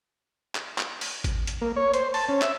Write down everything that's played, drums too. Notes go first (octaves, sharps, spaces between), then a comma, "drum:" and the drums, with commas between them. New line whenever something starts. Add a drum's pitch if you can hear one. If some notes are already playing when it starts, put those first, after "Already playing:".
drum: clap
drum: clap
drum: open hi-hat
drum: kick G#1, hi-hat
drum: hi-hat
A#3
C#5
C5, drum: hi-hat
A5, drum: open hi-hat
C#4
E5, drum: clap